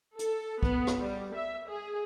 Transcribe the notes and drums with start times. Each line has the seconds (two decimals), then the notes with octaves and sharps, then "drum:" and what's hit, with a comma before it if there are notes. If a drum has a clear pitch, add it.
0.19 A4, drum: hi-hat
0.63 B3, drum: kick
0.87 drum: rim click
0.98 G3
1.34 E5
1.68 G#4